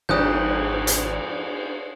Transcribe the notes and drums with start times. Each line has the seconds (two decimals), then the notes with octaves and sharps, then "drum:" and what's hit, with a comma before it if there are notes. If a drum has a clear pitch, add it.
0.09 G#1 F2 G#2 D4 D#6 F#6 G6, drum: cymbal
0.87 drum: hi-hat